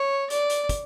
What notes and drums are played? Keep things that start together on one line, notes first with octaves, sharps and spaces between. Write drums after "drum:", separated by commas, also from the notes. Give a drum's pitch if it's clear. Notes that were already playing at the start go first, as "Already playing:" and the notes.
Already playing: C#5
D5, drum: hi-hat
drum: hi-hat
drum: kick, hi-hat